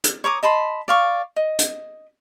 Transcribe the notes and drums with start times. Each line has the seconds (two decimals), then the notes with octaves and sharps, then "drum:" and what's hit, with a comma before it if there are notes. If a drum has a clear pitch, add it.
0.04 drum: hi-hat
0.24 C#5 A#5 D6 D#6
0.43 D#5 A5 B5 C6
0.88 D5 F5 C#6
1.36 D#5
1.59 drum: hi-hat